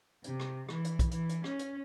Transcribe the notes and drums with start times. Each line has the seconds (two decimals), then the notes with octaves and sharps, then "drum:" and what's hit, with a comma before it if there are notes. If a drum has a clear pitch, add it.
0.24 C3, drum: hi-hat
0.40 drum: rim click
0.69 E3, drum: rim click
0.84 drum: hi-hat
0.99 drum: kick B1, hi-hat
1.11 E3, drum: hi-hat
1.29 drum: hi-hat
1.44 C#4, drum: rim click
1.59 drum: hi-hat